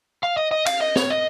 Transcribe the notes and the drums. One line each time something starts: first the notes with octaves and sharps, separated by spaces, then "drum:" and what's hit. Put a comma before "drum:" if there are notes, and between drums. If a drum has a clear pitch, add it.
F5
D#5
D#5
F5, drum: cymbal
D#5
C#5, drum: snare
D#5